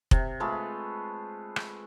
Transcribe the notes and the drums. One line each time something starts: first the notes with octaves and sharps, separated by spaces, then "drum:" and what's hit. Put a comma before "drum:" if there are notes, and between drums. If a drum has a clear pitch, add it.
C3, drum: kick
G#3 A3 F4 B4
drum: rim click